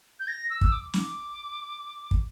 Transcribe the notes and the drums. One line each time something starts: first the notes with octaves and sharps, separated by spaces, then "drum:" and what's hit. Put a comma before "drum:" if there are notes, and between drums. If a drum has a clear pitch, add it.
G6
A#6
E6
drum: kick
D6
D6, drum: snare
drum: kick